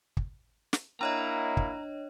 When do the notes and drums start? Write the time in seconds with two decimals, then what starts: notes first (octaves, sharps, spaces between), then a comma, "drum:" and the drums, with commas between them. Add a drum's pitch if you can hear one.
0.17 drum: kick
0.73 drum: snare
1.01 A#3 D4 E4 C#5 D#5 A#5
1.57 drum: kick